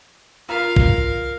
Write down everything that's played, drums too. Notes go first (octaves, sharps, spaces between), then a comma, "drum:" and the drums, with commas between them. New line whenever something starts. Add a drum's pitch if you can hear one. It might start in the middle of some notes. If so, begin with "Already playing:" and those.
F4 A#4 F5 A#5 B6
drum: kick A#1